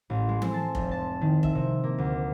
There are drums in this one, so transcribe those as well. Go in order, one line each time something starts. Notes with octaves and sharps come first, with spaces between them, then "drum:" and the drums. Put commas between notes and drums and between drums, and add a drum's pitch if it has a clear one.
A1
G#3
C4, drum: tom E3
A5
F1, drum: kick F1
A5
D#3
E5, drum: kick F1
C3
A#3
D2